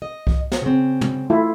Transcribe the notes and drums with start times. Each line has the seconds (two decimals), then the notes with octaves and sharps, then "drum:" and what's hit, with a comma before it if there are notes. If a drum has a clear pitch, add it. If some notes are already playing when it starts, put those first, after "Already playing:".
0.02 D#5
0.27 drum: kick C2
0.52 drum: snare
0.62 C#3 C4
1.01 drum: tom
1.30 A3 E4 F4